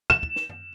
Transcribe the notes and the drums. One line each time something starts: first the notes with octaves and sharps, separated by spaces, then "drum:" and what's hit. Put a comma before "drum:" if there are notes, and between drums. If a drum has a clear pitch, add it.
E7, drum: kick
drum: kick
drum: snare
drum: tom